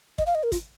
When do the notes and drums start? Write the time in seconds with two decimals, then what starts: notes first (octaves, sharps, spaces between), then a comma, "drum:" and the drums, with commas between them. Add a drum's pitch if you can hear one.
0.18 D#5, drum: kick
0.26 F5
0.35 D#5
0.43 A#4
0.52 F4, drum: kick, hi-hat